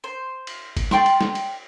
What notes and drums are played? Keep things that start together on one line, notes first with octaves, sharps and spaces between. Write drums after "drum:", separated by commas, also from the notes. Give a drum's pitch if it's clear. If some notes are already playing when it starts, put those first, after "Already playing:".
C5
drum: cymbal
drum: kick, cymbal
D5 G5 C6 C#6, drum: snare
drum: cymbal
drum: snare
drum: cymbal